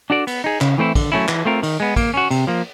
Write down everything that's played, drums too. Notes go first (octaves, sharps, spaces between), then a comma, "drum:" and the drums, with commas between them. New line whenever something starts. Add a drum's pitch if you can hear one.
D4 F#4 A4 D5
B3, drum: cymbal
D#4 G#4
C#3, drum: clap
E3 A3 C4 E4
D3, drum: kick, cymbal
F#3 A3 C#4 E4
E3, drum: clap
A3 C4 F4 A#4
D#3, drum: cymbal
G#3 B3
A#3, drum: kick, cymbal
C#4 F#4
C3, drum: cymbal
F3 A#3